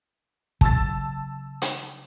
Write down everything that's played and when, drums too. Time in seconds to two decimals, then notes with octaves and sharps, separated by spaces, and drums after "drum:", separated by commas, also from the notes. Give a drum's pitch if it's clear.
0.61 C#3 F#3 A5 E6 A6, drum: kick
1.62 drum: hi-hat